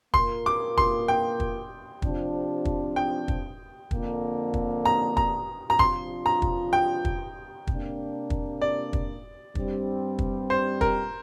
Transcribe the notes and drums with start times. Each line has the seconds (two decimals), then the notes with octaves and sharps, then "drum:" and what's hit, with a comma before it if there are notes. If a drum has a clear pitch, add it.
0.14 A#2 A#3 F4 A#4 C6, drum: kick
0.46 D6
0.78 C6, drum: kick
1.08 G5
1.40 drum: kick
2.02 C3 F3 D4, drum: kick
2.65 drum: kick
2.96 G5
3.28 drum: kick
3.91 F2 D3 A#3, drum: kick
4.54 drum: kick
4.85 A#5
5.17 A#5, drum: kick
5.70 A#5
5.79 C3 F3 D4 F4 C6, drum: kick
6.26 A#5
6.42 drum: kick
6.73 G5
7.05 drum: kick
7.67 C3 A#3 D4, drum: kick
8.30 drum: kick
8.62 D5
8.93 drum: kick
9.55 G2 G3 C4, drum: kick
10.19 drum: kick
10.50 C5
10.81 A#4, drum: kick